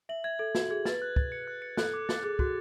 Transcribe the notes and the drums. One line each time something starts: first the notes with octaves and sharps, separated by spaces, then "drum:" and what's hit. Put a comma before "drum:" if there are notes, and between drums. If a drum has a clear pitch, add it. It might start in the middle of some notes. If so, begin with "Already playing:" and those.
E5 F#7
E5 G#6
A4 G#6
F#4 G#6, drum: snare
G#4 G#6
B4 A6, drum: snare
F#6
A6, drum: kick
C#7
F#6
C#7
A4 F#6, drum: snare
D6
A6, drum: snare
G#4 F#6
F#4 F#6, drum: kick